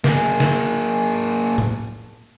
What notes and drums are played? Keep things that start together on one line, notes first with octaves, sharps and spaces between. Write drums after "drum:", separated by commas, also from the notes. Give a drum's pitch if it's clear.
A#3 G#4, drum: snare
drum: snare
drum: tom A2